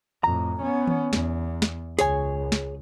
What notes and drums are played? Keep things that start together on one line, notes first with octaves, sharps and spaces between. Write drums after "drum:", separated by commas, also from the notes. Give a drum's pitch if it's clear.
F2 A2 A#5
B3 C#4
drum: tom D#3
E2, drum: snare
drum: snare
C#2 G#4 C#5 G#5, drum: hi-hat
drum: snare